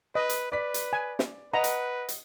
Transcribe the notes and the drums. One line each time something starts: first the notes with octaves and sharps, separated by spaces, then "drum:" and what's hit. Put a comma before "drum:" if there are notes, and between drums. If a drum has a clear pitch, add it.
B4 D#5
drum: hi-hat
B4 D5 B6
drum: hi-hat
G#5
drum: snare
B4 D#5 F#5 A#5
drum: hi-hat
drum: hi-hat